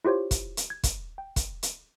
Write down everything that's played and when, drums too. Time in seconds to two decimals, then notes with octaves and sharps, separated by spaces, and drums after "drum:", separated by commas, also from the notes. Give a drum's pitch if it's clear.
0.05 E4 F4 G4 C5 C#5
0.31 drum: kick, hi-hat
0.57 drum: hi-hat
0.70 G#6
0.83 drum: kick, hi-hat
1.18 G5
1.36 drum: kick, hi-hat
1.63 drum: hi-hat